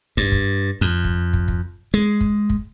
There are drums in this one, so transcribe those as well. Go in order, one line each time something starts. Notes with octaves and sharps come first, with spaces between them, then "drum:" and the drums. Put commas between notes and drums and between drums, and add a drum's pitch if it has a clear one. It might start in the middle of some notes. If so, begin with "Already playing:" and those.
G2, drum: kick
drum: kick
F2
drum: kick
drum: kick
drum: kick
G#3
drum: kick
drum: kick